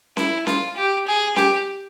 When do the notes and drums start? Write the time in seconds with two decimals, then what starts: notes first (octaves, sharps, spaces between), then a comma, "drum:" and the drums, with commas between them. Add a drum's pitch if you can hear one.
0.17 E4, drum: snare C#4
0.47 F4, drum: snare C#4
0.76 G4
1.07 G#4
1.36 G4, drum: snare C#4